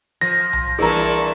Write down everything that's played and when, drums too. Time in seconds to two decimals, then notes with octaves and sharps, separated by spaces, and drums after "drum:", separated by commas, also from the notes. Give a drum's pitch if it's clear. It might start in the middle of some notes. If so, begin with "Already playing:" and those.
0.21 F3 A#6
0.53 drum: tom B1
0.79 G2 A#2 E3 G#4 A#4 A5 A#5 C#6